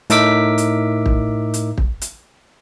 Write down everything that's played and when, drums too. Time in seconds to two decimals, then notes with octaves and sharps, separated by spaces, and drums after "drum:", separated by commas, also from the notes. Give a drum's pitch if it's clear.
0.10 A2 D#4 A#4 E5 D6 B6, drum: hi-hat
0.58 drum: hi-hat
1.06 drum: kick
1.54 drum: hi-hat
1.78 drum: kick
2.02 drum: hi-hat